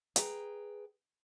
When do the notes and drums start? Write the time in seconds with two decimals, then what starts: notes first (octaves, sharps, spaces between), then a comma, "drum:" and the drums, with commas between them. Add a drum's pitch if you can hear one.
0.16 G#4 B4 G5 A#5, drum: hi-hat